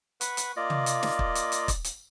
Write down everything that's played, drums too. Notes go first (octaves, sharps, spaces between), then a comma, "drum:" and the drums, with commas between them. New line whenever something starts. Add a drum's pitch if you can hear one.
B4 F#5 C#6, drum: hi-hat
drum: hi-hat
A#3 F4 D5 D#5
drum: tom
drum: hi-hat
drum: snare
drum: kick
drum: hi-hat
drum: hi-hat
drum: kick, hi-hat
drum: hi-hat